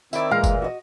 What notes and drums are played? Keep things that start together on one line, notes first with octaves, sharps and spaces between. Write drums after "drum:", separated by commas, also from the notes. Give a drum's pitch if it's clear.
D#3 C4 E4 D5 E5, drum: tambourine
A#2 E3 G#3 A#4 F5
drum: kick F#1, tambourine
F#4 D#5